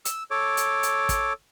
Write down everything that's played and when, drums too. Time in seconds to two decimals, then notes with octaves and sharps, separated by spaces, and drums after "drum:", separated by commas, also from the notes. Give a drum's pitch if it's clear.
0.05 E6, drum: hi-hat
0.31 A4 C#5 D6
0.57 drum: hi-hat
0.83 drum: hi-hat
1.09 drum: kick, hi-hat